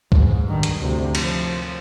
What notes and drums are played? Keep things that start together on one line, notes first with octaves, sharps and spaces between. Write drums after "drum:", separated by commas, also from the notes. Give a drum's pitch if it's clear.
G#2, drum: kick
G2 D#3
drum: hi-hat
D2 C3
F3, drum: cymbal